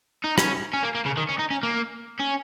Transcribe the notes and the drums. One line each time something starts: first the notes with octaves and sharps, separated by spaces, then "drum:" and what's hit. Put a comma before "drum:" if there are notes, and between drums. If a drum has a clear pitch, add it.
D#4
C#4, drum: rim click
C#4
A#3
A#3
C#3
D#3
C#4
D#4
C#4
A#3
C#4